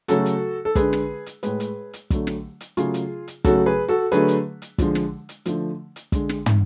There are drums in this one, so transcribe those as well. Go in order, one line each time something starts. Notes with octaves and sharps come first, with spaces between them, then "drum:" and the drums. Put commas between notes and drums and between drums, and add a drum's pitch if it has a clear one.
C#3 F#3 A3 F#4 A4, drum: hi-hat
drum: hi-hat
A4
D3 G#3 G#4 B4, drum: kick, hi-hat
drum: snare
drum: hi-hat
A2 G#3 G#4 B4, drum: hi-hat
drum: hi-hat
drum: hi-hat
D3 F#3 A3, drum: kick, hi-hat
drum: snare
drum: hi-hat
C#3 F#3 A3 F4 G#4, drum: hi-hat
drum: hi-hat
drum: hi-hat
C#3 F#3 A3 F#4 A4, drum: kick, hi-hat
G#4 B4
F#4 A4
D3 F#3 A3 G#4 B4, drum: hi-hat
drum: hi-hat
drum: hi-hat
D3 F3 G#3, drum: kick, hi-hat
drum: snare
drum: hi-hat
D3 F3 A3, drum: hi-hat
drum: hi-hat
D3 G#3, drum: kick, hi-hat
drum: snare
drum: tom